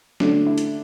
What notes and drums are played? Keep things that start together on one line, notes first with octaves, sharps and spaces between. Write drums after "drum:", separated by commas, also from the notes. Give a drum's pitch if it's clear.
D3 F#3 A3 D4, drum: snare
E4
drum: hi-hat